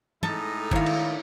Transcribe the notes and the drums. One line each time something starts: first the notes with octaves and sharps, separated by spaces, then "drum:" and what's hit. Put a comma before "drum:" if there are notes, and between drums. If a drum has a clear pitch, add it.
A2 G#3 D#4 A4, drum: tom
D#3 D4 E4 C#5 F5, drum: kick F#1
drum: cymbal